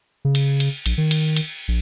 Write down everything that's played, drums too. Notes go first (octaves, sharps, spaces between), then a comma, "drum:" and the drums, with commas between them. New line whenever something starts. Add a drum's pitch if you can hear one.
C#3
drum: cymbal
drum: cymbal
A#1, drum: cymbal
D#3
drum: cymbal
drum: cymbal
A#1